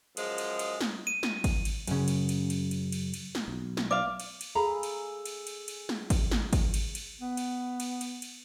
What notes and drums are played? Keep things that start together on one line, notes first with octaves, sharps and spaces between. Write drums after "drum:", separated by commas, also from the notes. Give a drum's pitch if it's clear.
F#2 F3 G#3, drum: cymbal
drum: cymbal
drum: cymbal
drum: snare
D#7
drum: snare
drum: kick G#1, cymbal
drum: cymbal
F#2 C#3, drum: cymbal
drum: cymbal
drum: cymbal
drum: cymbal
drum: cymbal
drum: cymbal
drum: cymbal
drum: snare
B1
drum: snare
B4 D5 F5 D6
drum: cymbal
drum: cymbal
G#4 A4 F5 A#5 B5
drum: cymbal
drum: cymbal
drum: cymbal
drum: cymbal
drum: snare
drum: kick G#1, cymbal
drum: snare
drum: kick G#1, cymbal
drum: cymbal
drum: cymbal
B3
drum: cymbal
drum: cymbal
drum: cymbal
drum: cymbal